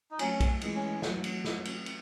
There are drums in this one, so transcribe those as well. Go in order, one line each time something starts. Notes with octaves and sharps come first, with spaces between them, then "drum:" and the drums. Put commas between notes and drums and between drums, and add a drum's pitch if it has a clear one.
D#4
F#3 A3 C#4, drum: cymbal
drum: kick, cymbal
E3 G#3, drum: cymbal
C#4
F#3 A3, drum: snare
drum: cymbal
drum: snare
drum: cymbal
drum: cymbal